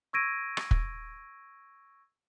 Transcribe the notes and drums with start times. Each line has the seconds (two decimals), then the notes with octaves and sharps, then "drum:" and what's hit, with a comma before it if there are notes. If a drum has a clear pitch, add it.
0.13 C#6 E6 G#6 A#6 D7 D#7
0.57 drum: rim click
0.71 drum: kick